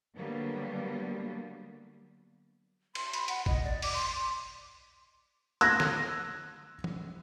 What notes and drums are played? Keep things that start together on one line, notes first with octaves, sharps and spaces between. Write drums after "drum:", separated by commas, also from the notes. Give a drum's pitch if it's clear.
D3 F#3 G3 A#3 B3
C6, drum: cymbal
B5, drum: hi-hat
F#5, drum: hi-hat
D#5, drum: kick G#1
D5
D6, drum: open hi-hat
C6
E6 F#6 G#6 A#6, drum: hi-hat
drum: snare
drum: tom